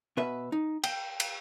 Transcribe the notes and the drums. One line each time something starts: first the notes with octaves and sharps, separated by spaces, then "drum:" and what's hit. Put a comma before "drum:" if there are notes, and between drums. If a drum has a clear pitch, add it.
B2 B4 E5
D#4
G5, drum: cymbal
drum: cymbal